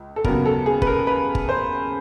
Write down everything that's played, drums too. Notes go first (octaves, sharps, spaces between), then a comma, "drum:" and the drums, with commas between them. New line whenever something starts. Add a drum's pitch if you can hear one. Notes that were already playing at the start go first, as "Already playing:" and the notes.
Already playing: C#2
A4
D#2 C#3 F#3 B3 A#4, drum: kick G1
A4
G#4
B4, drum: kick G1
A#4
B4
drum: kick G1
C5